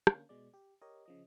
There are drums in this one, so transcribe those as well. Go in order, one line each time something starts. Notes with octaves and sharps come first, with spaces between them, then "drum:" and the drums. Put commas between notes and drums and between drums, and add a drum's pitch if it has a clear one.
D3 A#3 C#4, drum: rim click
B2 G#3 D5
G4
G4 A#4 C#5 D#5
C#3 F3 D#5